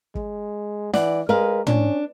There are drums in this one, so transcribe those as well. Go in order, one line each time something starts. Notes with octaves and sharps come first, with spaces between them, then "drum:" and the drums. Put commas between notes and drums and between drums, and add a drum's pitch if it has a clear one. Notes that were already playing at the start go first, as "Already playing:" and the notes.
G#3, drum: kick
E3 D5 F#5, drum: snare
G#3 A#4 B4 F5
C#4 D4, drum: tom